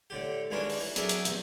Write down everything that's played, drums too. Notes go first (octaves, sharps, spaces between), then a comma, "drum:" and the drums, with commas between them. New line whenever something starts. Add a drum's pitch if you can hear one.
A2 D3 G4
D#2 E3 G#3 A#3 C#4 D4
drum: open hi-hat
E3
F#3 D4 G#4 A#4 D5 E5, drum: hi-hat
drum: hi-hat
A1 E2, drum: hi-hat